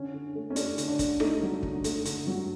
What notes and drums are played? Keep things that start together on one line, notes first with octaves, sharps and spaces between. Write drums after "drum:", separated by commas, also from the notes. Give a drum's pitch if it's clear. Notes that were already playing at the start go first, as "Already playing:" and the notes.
Already playing: D3 C#4
D3
A3
C#4
A3 D4, drum: hi-hat
D3, drum: hi-hat
D4
D3, drum: kick, hi-hat
A3 D#4, drum: rim click
F#3
D3, drum: kick
A3, drum: hi-hat
D3, drum: hi-hat
F#3